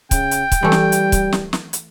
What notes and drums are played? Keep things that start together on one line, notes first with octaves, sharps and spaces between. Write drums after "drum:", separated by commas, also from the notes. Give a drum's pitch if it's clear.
C#3 G5, drum: kick C#1, hi-hat
drum: hi-hat
drum: kick C#1, hi-hat
E3 G3 A3
drum: snare
drum: hi-hat
drum: kick C#1, hi-hat
drum: snare
drum: snare
drum: hi-hat